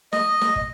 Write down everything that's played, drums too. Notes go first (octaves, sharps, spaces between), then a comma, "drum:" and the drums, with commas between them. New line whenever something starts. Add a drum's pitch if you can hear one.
D#5, drum: snare
drum: snare
drum: kick